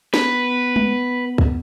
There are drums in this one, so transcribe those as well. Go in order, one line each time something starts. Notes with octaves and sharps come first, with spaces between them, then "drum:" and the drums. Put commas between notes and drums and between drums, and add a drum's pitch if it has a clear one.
B3 B4, drum: snare
drum: tom
drum: kick